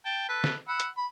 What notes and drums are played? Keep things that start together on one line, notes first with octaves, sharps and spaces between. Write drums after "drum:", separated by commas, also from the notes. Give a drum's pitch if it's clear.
G5 A5
A4 B4
drum: snare
F#5 B5 E6
drum: hi-hat
B5